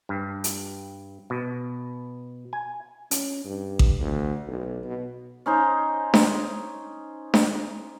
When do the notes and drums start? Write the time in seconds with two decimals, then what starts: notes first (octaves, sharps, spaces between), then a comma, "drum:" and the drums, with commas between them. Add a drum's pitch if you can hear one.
0.09 G2
0.44 drum: hi-hat
1.30 B2
2.53 G#5
3.11 C#4, drum: hi-hat
3.45 G2
3.79 drum: kick A1
4.00 D2
4.48 B1
4.83 B2
5.46 C#4 D#4 C5
6.14 drum: snare D4
7.34 drum: snare D4